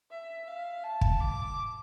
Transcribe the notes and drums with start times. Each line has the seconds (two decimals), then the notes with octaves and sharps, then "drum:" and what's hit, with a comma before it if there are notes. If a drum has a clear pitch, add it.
0.10 E5
0.47 F5
0.83 A5
1.01 drum: kick
1.20 D6